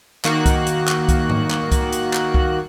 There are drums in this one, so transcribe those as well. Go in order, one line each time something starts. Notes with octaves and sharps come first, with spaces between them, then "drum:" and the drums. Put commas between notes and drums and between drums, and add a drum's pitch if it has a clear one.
D#3 A#3 F#4 F#6, drum: clap
drum: kick C2, hi-hat
drum: hi-hat
drum: clap
drum: kick C2, hi-hat
drum: tom G#2
drum: clap
drum: kick C2, hi-hat
drum: hi-hat
drum: clap
drum: kick C2